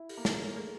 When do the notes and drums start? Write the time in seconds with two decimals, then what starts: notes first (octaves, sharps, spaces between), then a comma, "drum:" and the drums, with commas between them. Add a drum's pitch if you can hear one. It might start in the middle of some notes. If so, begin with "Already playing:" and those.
Already playing: E4
0.09 G4 A4, drum: open hi-hat
0.17 A#3
0.25 G#4 A#4, drum: snare
0.41 A3 G#4 A#4
0.57 G#4 A#4